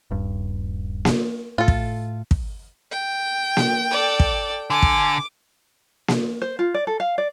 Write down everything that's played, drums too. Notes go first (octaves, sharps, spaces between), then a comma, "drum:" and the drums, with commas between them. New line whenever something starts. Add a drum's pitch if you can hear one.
D#1 G2
drum: snare A#3
A2 F4 A4
drum: kick
drum: kick
G5
drum: snare A#3
A4 D5
drum: kick
D3 G#5 D6
drum: kick
drum: snare A#3
C5
F4
D5
A4
F5
D5